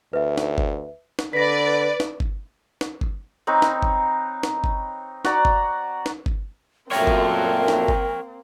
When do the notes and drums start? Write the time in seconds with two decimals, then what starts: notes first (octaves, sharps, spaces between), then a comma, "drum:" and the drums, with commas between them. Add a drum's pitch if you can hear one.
0.13 D2 B4 E5
0.38 drum: snare
0.58 drum: kick G1
1.19 drum: snare
1.33 D3 B4 D5 A#6 B6
2.00 drum: snare
2.20 drum: kick G1
2.81 drum: snare
3.01 drum: kick G1
3.47 C4 D#4 B4 C#5
3.62 drum: snare
3.83 drum: kick G1
4.43 drum: snare
4.64 drum: kick G1
5.25 F#4 D5 A#5, drum: snare
5.45 drum: kick G1
6.06 drum: snare
6.26 drum: kick G1
6.91 F#2 A#2 A3 A#3 C4 A#4 C#5 G5
7.07 drum: kick G1
7.68 drum: snare
7.88 drum: kick G1